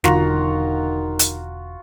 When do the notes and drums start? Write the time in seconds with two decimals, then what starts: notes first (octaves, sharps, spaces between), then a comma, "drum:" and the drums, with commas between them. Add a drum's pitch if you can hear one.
0.04 E1 D3 D#3 F4 F#4 A#5, drum: snare
1.19 drum: hi-hat